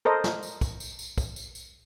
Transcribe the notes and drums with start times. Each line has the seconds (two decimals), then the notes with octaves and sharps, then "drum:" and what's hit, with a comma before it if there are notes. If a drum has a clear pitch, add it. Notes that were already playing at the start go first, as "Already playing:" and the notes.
0.05 A4 A#4 C5 D#5
0.24 drum: snare
0.43 drum: tambourine
0.61 drum: kick, tambourine
0.80 drum: tambourine
0.99 drum: tambourine
1.18 drum: kick, tambourine
1.36 drum: tambourine
1.55 drum: tambourine